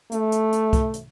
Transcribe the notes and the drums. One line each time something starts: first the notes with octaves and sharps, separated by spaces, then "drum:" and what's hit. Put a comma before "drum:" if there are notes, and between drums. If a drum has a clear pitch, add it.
A3, drum: hi-hat
drum: hi-hat
drum: hi-hat
drum: kick, hi-hat
drum: hi-hat